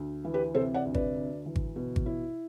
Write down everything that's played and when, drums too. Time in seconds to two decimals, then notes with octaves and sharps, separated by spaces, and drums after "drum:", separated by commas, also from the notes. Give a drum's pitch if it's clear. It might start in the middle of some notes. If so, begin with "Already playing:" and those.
Already playing: D2
0.25 E3
0.34 G4 B4
0.54 C3 A4 C5
0.74 D5 F#5
0.85 D2
0.94 B4 D5, drum: kick G#1
1.15 D2
1.46 E3
1.56 drum: kick G#1
1.76 B2
1.96 drum: kick G#1
2.06 E4